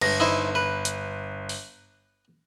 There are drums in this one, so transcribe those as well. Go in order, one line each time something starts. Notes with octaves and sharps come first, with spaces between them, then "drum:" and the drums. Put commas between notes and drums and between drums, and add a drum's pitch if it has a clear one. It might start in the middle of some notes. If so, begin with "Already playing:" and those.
G1 A#6, drum: cymbal
D#4 E4 C5
B4
drum: hi-hat
drum: open hi-hat